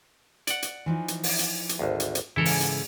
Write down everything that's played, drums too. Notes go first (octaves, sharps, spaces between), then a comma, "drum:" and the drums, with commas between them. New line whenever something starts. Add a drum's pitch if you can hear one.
D5 F#5, drum: hi-hat
drum: hi-hat
E3 F3 D#4
drum: hi-hat
drum: open hi-hat
drum: hi-hat
drum: hi-hat
G#1 D2
drum: hi-hat
drum: hi-hat
G#2 C#3 E3 E4 A4 A#4
drum: open hi-hat
drum: hi-hat